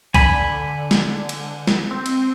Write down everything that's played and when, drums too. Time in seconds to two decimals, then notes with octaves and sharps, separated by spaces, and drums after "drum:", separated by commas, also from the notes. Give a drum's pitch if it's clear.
0.14 D3 G#5 B5, drum: kick, cymbal
0.91 drum: snare
1.29 drum: cymbal
1.67 drum: snare
1.91 C4
2.06 drum: cymbal